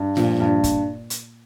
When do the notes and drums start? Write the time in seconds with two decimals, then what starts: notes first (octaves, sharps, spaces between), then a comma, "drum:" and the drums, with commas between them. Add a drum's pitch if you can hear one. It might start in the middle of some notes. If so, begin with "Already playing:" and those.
Already playing: G2
0.17 A#2 F3, drum: snare
0.40 G2
0.64 drum: kick, hi-hat
1.10 drum: hi-hat